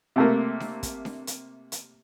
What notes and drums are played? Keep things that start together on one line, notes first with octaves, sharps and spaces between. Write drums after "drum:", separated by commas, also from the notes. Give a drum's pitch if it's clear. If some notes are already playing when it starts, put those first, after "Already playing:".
C3 A3 A#3
drum: snare D4
drum: kick, hi-hat
drum: snare D4
drum: hi-hat
drum: hi-hat